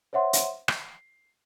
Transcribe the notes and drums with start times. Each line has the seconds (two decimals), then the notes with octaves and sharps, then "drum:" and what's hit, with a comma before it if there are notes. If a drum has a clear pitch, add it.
0.13 C5 C#5 E5 F#5 C6
0.33 drum: hi-hat
0.68 C7, drum: rim click